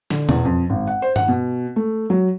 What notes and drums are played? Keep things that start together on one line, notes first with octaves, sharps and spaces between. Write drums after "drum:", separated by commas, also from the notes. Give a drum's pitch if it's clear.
D3, drum: snare
E2, drum: tom B2
F2
G#1
F#5
C5
F#5, drum: tom G2
B2
A3
F#3